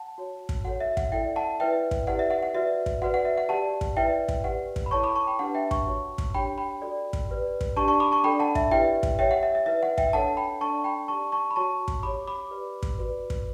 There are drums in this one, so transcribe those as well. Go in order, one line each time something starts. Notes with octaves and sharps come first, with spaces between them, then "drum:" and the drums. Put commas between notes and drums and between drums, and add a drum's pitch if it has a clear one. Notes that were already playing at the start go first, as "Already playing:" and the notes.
Already playing: F#5 A5
F#4 C#5
drum: kick
F#4 A4 C#5 F#5
E5
F#5, drum: kick
E4 A4 D5 E5 G5
F#5 A5
E4 B4 D5 E5 G5
drum: kick
E4 G4 B4 D5 F#5
E5
F#5
F#5
F#4 B4 D5 E5
drum: kick
F#4 B4 D5 F#5
F#5
E5
F#5
G4 D5 F#5 A5
drum: kick
E4 B4 D5 E5 G5
drum: kick
G4 B4 D5 F#5
drum: kick
B5
E4 A4 C#5 A5 C#6
B5 D6
A5 C#6
G5 B5
D4 G4 B4 F#5 A5
E5 G5
A5 C#6, drum: kick
F#4 C#5
drum: kick
D4 G4 C#5 G5 B5
G5 B5
F#4 A4 D5
drum: kick
G4 B4 D5
drum: kick
D4 G4 D5 A5 C#6
A5 C#6
B5 D6
A5 C#6
D4 A4 D5 G5 B5
F#5 A5
E5, drum: kick
E4 G4 B4 D5 E5 G5
drum: kick
G4 C#5 E5 G5
F#5
E5
E5
E4 B4 D5 E5
F#5
E5 G5, drum: kick
D4 A4 C#5 F#5 A5
G5 B5
D4 A4 D5 A5 C#6
G5 B5
G4 D5 A5 C#6
A5 C#6
B5
F#4 C#5 A5 C#6
drum: kick
G4 C#5 B5 D6
B5 D6
G4 B4 D5
drum: kick
F#4 B4 D5
drum: kick